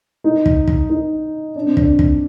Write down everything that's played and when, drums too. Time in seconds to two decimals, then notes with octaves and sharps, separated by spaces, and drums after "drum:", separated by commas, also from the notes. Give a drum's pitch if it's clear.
0.24 D#4
0.46 drum: kick
0.67 drum: kick
0.90 D#4
1.56 D4
1.66 C4
1.77 D4, drum: kick
1.99 drum: kick